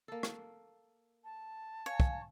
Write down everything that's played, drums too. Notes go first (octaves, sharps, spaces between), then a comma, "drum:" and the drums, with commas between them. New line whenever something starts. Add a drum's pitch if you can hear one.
A#3 A4
drum: rim click
A5
C#5 F5 G#5
drum: kick